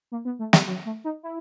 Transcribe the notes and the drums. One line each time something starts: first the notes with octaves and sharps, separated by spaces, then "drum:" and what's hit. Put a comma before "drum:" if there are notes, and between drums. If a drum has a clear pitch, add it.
A#3
B3
A3
G3, drum: snare
F#3
A3
D#4
E4